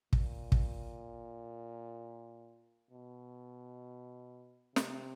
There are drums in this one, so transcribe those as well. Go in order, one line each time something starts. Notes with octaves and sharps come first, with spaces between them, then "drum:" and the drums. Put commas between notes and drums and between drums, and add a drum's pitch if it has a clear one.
A#2, drum: kick
drum: kick
B2
C3, drum: snare